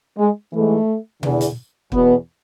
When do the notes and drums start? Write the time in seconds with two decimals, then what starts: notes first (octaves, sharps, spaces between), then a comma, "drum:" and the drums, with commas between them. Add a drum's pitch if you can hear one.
0.18 G#3
0.53 G#2 E3 A3
1.23 E2 D3, drum: tom B2
1.41 drum: hi-hat
1.92 E2 B2 B3, drum: kick